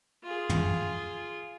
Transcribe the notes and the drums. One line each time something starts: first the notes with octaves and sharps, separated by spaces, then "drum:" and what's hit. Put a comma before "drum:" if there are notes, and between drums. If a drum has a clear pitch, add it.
F4 G#4
drum: tom